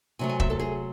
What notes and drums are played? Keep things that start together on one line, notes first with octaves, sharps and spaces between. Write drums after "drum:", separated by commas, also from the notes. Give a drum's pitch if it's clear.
C3 F#3 A3 G#5
G#5
E5, drum: kick
A4
G#4